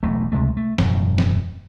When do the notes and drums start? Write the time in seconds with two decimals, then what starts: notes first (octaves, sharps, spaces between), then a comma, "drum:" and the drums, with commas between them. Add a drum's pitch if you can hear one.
0.03 E1 B1 B2 A3
0.32 C#2 C3 G#3 A3
0.57 A3
0.78 E1 F#2 A2 F#3, drum: snare
1.18 drum: snare